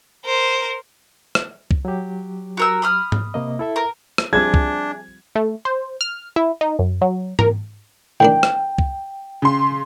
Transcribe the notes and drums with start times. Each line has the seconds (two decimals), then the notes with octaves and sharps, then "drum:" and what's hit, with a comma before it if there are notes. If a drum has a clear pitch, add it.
0.25 A#4 C5
1.35 drum: rim click
1.71 drum: kick
1.85 F#3 G4
2.57 F#4 A#4 E6
2.82 B5 D#6 F6
3.12 drum: tom G#2
3.34 C3 A#3 D#5
3.59 E4 A4 E5
3.76 A#4
4.18 drum: rim click
4.33 F3 G3 C4 D4 G#4 E5 G#6
4.54 drum: kick
5.36 A3
5.65 C5
6.01 F6
6.36 E4
6.61 D#4
6.79 F#2
7.01 F#3
7.39 A#4, drum: tom G#2
8.20 A2 D#3 D4 G5
8.43 drum: rim click
8.78 drum: kick
9.42 C#3 C6